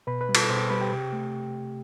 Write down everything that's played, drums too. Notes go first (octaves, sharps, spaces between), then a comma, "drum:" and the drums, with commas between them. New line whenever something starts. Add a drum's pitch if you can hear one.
B2 B4 B5
B4 B5
G3
A4 A5, drum: cymbal
B2 C5 C6
G3 B4 B5
G4 G5
C3
A3